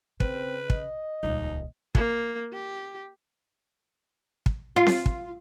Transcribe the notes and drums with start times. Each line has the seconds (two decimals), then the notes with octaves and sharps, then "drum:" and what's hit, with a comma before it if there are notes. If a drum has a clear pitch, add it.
0.20 C#3 C4 B4, drum: kick
0.70 D#5, drum: kick
1.23 D#1 C#2 D#4
1.95 A#3, drum: kick
2.53 G4
4.46 drum: kick
4.76 F4
4.86 drum: snare C4
5.06 drum: kick